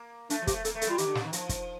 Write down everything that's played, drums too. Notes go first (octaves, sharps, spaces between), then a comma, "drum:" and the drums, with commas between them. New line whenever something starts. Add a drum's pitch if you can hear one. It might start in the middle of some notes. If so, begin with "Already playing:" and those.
Already playing: A#3
A3 D4, drum: hi-hat
F3
G4, drum: kick, hi-hat
A3
A#3 A4, drum: hi-hat
A3
A4, drum: hi-hat
G3 F4
D#3 G4, drum: hi-hat
D3
C3, drum: snare
D#3
F3, drum: hi-hat
drum: kick, hi-hat